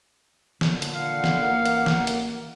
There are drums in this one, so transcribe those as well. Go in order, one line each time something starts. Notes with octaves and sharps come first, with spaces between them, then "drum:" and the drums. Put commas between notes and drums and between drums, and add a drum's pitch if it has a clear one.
A#2 D3, drum: snare
drum: hi-hat
F5 F#5
drum: snare
A1 A#3
drum: hi-hat
drum: snare
drum: hi-hat